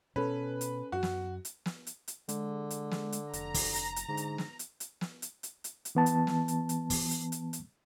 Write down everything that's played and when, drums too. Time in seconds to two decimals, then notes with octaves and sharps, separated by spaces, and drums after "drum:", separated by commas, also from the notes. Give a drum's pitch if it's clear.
0.16 B2 C#4 A4 B4
0.61 drum: hi-hat
0.92 F#2 F#4
1.03 drum: snare
1.45 drum: hi-hat
1.66 drum: snare
1.87 drum: hi-hat
2.08 drum: hi-hat
2.29 D3 G#3, drum: hi-hat
2.70 drum: hi-hat
2.91 drum: snare
3.12 drum: hi-hat
3.33 F1 A#5, drum: hi-hat
3.54 drum: kick, open hi-hat
3.75 drum: hi-hat
3.96 drum: hi-hat
4.08 G#2 D3
4.17 drum: hi-hat
4.38 drum: snare
4.59 drum: hi-hat
4.80 drum: hi-hat
5.01 drum: snare
5.22 drum: hi-hat
5.43 drum: hi-hat
5.64 drum: hi-hat
5.85 drum: hi-hat
5.95 E3 B3 A5
6.06 drum: hi-hat
6.27 drum: snare
6.48 drum: hi-hat
6.69 drum: hi-hat
6.90 drum: kick, open hi-hat
7.11 drum: hi-hat
7.32 drum: hi-hat
7.53 drum: hi-hat